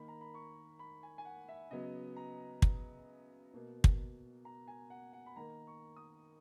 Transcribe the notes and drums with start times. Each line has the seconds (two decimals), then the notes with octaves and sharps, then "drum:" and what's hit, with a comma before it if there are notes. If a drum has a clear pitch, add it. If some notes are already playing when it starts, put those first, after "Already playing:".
Already playing: D#3 A#3 B5
0.08 A#5
0.21 B5
0.34 C#6
0.79 B5
1.03 G#5
1.18 G#5
1.25 F#5
1.49 E5
1.71 C#3 F#3 B3 D#5
2.16 A#5
2.62 drum: kick
3.54 B2 A#3
3.84 drum: kick
4.45 A#5
4.68 G#5
4.90 F#5
5.13 F#5
5.26 B5
5.36 D#3 A#3 A#5
5.67 C#6
5.96 D#6